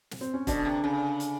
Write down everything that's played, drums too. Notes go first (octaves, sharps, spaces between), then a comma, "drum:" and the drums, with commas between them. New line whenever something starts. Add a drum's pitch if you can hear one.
drum: snare
C4
C#4
B2 D3 D4, drum: kick E1, hi-hat
C3
C#3
drum: hi-hat